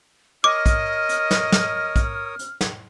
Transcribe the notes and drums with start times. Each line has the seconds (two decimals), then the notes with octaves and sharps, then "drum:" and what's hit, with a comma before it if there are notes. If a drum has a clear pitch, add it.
0.44 A#4 C#5 D#5 D6 D#6 F6
0.66 drum: kick A#1, hi-hat
1.09 drum: hi-hat
1.31 drum: snare
1.52 drum: snare
1.96 drum: kick A#1, hi-hat
2.39 drum: hi-hat
2.61 drum: snare